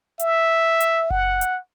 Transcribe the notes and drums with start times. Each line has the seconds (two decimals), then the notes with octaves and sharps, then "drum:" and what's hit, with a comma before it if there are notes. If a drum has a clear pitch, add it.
0.19 E5, drum: hi-hat
0.80 drum: hi-hat
1.10 F#5, drum: kick F#1
1.41 drum: hi-hat